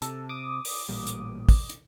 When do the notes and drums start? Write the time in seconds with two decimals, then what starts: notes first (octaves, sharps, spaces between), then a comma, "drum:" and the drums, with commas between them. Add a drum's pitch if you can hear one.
0.02 C3 A4, drum: hi-hat
0.29 D6 D#6
0.65 drum: open hi-hat
0.89 A1 A#2 G3
1.07 drum: hi-hat
1.49 drum: kick, open hi-hat
1.70 drum: hi-hat